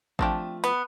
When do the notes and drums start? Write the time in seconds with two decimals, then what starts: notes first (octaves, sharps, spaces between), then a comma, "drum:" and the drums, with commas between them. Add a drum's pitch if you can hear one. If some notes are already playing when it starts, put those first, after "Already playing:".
0.19 F3 A3 C4 D4 G4, drum: kick G#1
0.64 B3 B4, drum: hi-hat